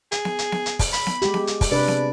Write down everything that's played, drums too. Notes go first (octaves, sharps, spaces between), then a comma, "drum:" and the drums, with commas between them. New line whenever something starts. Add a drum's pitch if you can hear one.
G#4, drum: hi-hat
drum: snare B3
drum: hi-hat
drum: snare B3
drum: hi-hat
drum: kick, open hi-hat
B5, drum: hi-hat
drum: snare B3
G#3 G4, drum: hi-hat
drum: snare B3
drum: hi-hat
drum: kick, open hi-hat
C3 D4 B4 D5
drum: snare B3